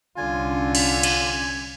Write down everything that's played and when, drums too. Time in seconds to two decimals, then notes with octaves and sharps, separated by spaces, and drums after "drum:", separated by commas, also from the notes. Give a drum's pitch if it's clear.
0.17 C2 D3 G3 C#4 F4 G#5
0.75 drum: cymbal
1.03 drum: cymbal